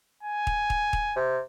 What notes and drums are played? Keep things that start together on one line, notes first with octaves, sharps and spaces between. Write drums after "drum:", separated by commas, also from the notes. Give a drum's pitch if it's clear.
G#5
drum: kick
drum: kick
drum: kick
C3